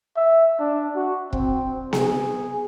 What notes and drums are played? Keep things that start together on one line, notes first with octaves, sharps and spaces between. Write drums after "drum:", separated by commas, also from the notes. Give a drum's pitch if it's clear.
E5
D4
F#4
C4, drum: kick
G#4, drum: snare B3